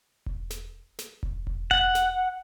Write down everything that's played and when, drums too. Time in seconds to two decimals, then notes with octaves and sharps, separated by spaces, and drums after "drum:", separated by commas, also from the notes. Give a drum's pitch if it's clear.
0.26 drum: kick E1
0.50 drum: snare
0.99 drum: snare
1.23 drum: kick E1
1.47 drum: kick E1
1.71 F#5, drum: kick E1
1.95 drum: snare